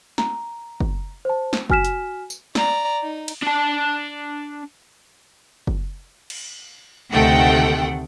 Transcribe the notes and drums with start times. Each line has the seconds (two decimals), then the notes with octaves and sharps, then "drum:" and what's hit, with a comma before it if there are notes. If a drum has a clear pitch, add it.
0.18 A#5, drum: snare
0.80 drum: kick F#1
1.25 C5 A5
1.53 drum: snare
1.70 F#4 G#5 F6 B6 E7, drum: kick F#1
1.85 drum: hi-hat
2.30 drum: tambourine
2.55 D5 A#5, drum: snare
3.02 D#4
3.28 drum: cymbal
3.42 D4 A5
5.67 drum: kick F#1
6.30 drum: cymbal
7.13 D2 C3 D#3 A3 F#5 G5